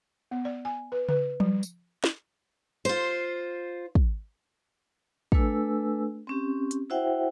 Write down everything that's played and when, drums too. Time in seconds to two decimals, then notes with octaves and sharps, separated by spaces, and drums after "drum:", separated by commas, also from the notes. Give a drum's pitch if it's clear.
0.31 B3
0.45 D5
0.65 G#5
0.92 B4
1.09 B4, drum: tom C#3
1.40 G3, drum: tom F3
1.63 drum: tambourine
2.04 drum: snare
2.85 F4 C5
3.95 drum: kick
5.32 A3 D4 A4 B4 G#5 E6, drum: kick
6.27 C4 C#4 G4
6.71 drum: hi-hat
6.90 E4 F#4 C5 E5 F#5 G5